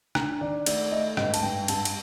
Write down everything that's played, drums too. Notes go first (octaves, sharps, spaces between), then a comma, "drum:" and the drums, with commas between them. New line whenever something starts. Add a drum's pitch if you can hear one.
D4 A#5, drum: rim click
D#3 D5
A3 D5, drum: cymbal
A3 D#5
G2 D#5, drum: rim click
A5, drum: cymbal
G2 G5
G2 A5, drum: cymbal
drum: cymbal